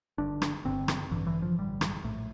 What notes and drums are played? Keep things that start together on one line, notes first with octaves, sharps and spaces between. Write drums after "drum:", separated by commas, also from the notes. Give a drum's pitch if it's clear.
G1 G2 D3 D4
drum: rim click
G1 G2 D3 C4
drum: rim click
A1 G2 D3 E3
E3
F3
A1 G2 D3 G3
drum: rim click
A#1 A2 A3